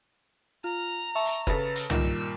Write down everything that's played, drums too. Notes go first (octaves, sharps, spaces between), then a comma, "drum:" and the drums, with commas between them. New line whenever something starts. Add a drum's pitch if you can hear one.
F4 A#5
E5 A5 C#6
drum: hi-hat
C#3 A4 B4, drum: kick F#1
drum: hi-hat
G2 A#2 D#3 A#4 E6, drum: tom C2